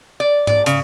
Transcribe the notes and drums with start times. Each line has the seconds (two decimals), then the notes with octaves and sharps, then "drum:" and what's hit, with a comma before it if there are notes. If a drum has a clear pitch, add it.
0.20 D5
0.47 D5, drum: tom G#2
0.66 C#3, drum: hi-hat